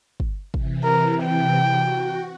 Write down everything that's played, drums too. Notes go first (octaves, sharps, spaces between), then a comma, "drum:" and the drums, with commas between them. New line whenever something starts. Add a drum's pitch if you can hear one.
drum: kick
C3 E3, drum: kick
A#4
G5
F#4